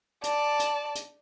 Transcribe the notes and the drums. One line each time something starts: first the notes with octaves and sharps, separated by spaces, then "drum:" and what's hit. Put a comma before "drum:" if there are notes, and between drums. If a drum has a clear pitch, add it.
D5 A5, drum: hi-hat
drum: hi-hat
drum: hi-hat